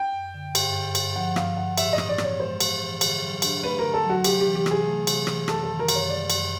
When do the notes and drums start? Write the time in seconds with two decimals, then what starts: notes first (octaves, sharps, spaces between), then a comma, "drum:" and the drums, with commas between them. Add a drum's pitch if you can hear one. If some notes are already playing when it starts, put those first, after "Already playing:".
Already playing: G5
0.13 F#2
0.34 D3
0.55 G2, drum: cymbal
0.76 D3
0.95 G2, drum: cymbal
1.16 F3 F#5
1.36 G2 F5, drum: rim click
1.57 D3 F#5
1.78 A2 E5, drum: cymbal
1.93 D#5
1.98 E3, drum: rim click
2.09 D5
2.18 B3, drum: rim click
2.24 C#5
2.40 G#3 C5
2.60 A2, drum: cymbal
2.81 E3
3.01 D3, drum: cymbal
3.22 F#3
3.42 D4, drum: cymbal
3.63 A3 B4
3.79 D3 A#4
3.94 A4
4.04 F#3
4.09 F#4
4.24 C3 G4, drum: cymbal
4.40 G4
4.46 E3
4.55 G4
4.66 C3 G#4, drum: rim click
4.86 A3
5.07 C3, drum: cymbal
5.27 E3, drum: rim click
5.48 F#2 A4, drum: rim click
5.63 A4
5.68 D#3
5.79 A#4
5.89 F#2, drum: cymbal
5.95 C#5
6.09 G#3 D5
6.30 F#2, drum: cymbal